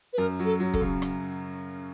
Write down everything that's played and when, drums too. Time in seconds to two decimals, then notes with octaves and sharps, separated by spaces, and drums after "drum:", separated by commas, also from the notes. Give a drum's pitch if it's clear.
0.13 B4
0.18 F#2 A#4
0.39 F#3
0.45 A4
0.60 F#3
0.74 A4, drum: kick
0.81 C#3
1.02 drum: rim click